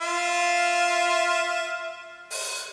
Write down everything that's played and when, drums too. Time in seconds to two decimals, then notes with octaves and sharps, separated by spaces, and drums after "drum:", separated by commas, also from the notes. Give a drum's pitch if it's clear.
0.01 F4 E5 F5
2.30 drum: open hi-hat